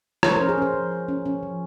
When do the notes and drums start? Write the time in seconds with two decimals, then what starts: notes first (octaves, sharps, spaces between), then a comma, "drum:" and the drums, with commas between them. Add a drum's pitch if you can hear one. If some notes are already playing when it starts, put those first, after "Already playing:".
0.23 F3 C#5, drum: rim click
0.32 C5
0.36 C#4 A#4
0.49 G#4
0.58 C#4 C5
0.74 F3
0.91 C#4
1.08 C#4
1.26 C#4
1.43 F3